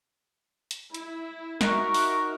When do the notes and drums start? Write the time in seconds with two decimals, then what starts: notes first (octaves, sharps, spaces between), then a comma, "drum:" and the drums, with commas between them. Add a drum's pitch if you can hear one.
0.71 drum: hi-hat
0.94 E4, drum: hi-hat
1.61 D#4 F#4 A#4 E5 C#6 F#6, drum: snare
1.94 drum: open hi-hat